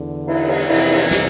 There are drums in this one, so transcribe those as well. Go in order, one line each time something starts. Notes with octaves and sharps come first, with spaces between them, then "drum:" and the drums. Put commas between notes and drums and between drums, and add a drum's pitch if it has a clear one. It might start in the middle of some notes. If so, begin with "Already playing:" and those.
Already playing: E2 D3
E4, drum: cymbal
drum: cymbal
F2 C3 E3 E4, drum: cymbal
drum: cymbal
drum: snare